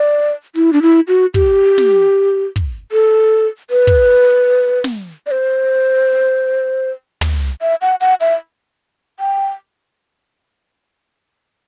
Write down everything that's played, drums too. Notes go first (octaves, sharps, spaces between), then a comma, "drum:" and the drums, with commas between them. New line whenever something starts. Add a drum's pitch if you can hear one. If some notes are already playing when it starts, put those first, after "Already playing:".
Already playing: D5
E4, drum: hi-hat
D4
E4
F#4
G4, drum: kick
drum: snare
drum: kick
A4
B4
drum: kick
drum: snare
D5
C5
drum: tom
E5
F#5
F#5, drum: hi-hat
E5, drum: hi-hat
G5